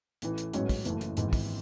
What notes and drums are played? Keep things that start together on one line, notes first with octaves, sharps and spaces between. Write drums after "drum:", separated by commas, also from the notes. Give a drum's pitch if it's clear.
A1 A2 E3, drum: hi-hat
drum: hi-hat
A1 G#2 F#3 C#4, drum: hi-hat
drum: kick, open hi-hat
F#1 F#2 E3 A3, drum: hi-hat
drum: hi-hat
G#1 G#2 E3, drum: hi-hat
drum: kick, open hi-hat